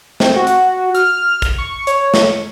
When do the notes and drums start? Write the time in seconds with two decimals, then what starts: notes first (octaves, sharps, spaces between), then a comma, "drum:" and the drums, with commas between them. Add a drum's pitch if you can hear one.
0.20 C4, drum: snare
0.36 F#4
0.47 drum: hi-hat
0.95 F6, drum: hi-hat
1.42 drum: kick, hi-hat
1.58 C#6
1.87 C#5, drum: hi-hat
2.14 drum: snare